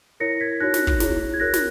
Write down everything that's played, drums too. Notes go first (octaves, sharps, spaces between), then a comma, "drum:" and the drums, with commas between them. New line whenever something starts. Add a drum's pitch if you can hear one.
E4 A#4 C#5 A#6 C#7
G#6 B6
D#4 F#4 C#5 F#6 A#6
drum: snare
drum: kick
E4 G#4 C#5, drum: snare
G#6
F#4 A#4 C#5 F#6 A#6
drum: snare